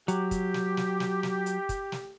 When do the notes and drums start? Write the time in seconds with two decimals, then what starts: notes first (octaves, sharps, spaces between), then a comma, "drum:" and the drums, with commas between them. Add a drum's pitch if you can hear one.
0.08 F#3 G4, drum: hi-hat
0.31 drum: kick, hi-hat
0.54 drum: snare
0.77 drum: snare
1.00 drum: snare
1.23 drum: snare
1.46 drum: hi-hat
1.69 drum: kick, hi-hat
1.92 drum: snare